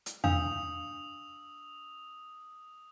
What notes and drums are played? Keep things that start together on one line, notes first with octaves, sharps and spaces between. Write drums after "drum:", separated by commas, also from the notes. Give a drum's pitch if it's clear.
drum: hi-hat
D4 F5 D#6 E6 F7, drum: tom E2